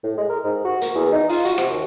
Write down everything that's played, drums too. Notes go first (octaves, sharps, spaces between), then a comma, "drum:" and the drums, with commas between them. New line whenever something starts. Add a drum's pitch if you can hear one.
A2
G#3
A#4
G#2
F#4
A#3, drum: hi-hat
E2
D#4
F4, drum: open hi-hat
F#4, drum: hi-hat
C3, drum: rim click
D#2